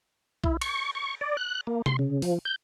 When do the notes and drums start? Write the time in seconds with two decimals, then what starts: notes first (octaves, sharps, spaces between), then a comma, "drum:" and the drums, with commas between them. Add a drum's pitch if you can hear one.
0.44 E4, drum: kick B1
0.61 C#6, drum: cymbal
0.95 C#6
1.21 D5
1.37 F#6
1.67 A#3
1.86 C6, drum: tom C3
1.99 C#3
2.22 F3, drum: open hi-hat
2.45 G6